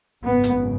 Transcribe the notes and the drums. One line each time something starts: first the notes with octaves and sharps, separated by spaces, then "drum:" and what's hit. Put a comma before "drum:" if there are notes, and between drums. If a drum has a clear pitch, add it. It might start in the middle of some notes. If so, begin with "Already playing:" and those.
G#1 F#2 C#3 B3
drum: hi-hat